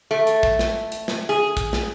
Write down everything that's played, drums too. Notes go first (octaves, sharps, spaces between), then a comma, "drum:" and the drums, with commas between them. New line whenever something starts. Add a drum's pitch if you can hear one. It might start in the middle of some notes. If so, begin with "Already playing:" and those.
A3
drum: hi-hat
drum: kick
drum: snare
drum: hi-hat
drum: snare
G#4
drum: kick, hi-hat
drum: snare